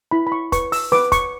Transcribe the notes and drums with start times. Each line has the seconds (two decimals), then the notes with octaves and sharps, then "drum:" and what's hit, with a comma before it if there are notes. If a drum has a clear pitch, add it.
0.11 E4 B5
0.27 B5
0.32 C#6
0.52 B4 C#6, drum: kick F1, hi-hat
0.72 E6, drum: open hi-hat
0.92 B4 D6, drum: snare
1.12 C#6, drum: kick F1, hi-hat